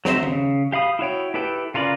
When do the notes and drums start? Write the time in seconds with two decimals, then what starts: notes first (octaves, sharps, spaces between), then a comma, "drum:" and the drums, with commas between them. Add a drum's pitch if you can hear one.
0.05 F#3 C4 D#4 C5 E5, drum: snare
0.23 C#3, drum: tom D#3
0.72 G4 F5 B5 D#6
0.99 E4 F#4 C#5 G5
1.34 E4 G4 A4 B4 G5
1.74 C#3 F4 A#4 B4 D5